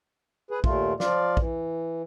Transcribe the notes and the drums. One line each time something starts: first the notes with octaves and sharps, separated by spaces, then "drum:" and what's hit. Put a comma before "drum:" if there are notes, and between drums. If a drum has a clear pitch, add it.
G#4 B4
D#2 A#2 A3 F4, drum: kick
F3 F4 D5 F5, drum: snare
E3, drum: kick